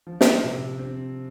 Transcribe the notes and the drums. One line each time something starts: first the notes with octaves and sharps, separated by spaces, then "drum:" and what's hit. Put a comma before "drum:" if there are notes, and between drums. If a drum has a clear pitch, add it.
F3
drum: snare
C3
C4